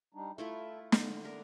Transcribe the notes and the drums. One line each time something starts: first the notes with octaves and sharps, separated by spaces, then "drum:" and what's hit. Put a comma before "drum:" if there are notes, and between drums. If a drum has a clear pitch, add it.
G3 D4 D#4
A3 E4 F4 A4 E5
D3, drum: snare
D4 A#4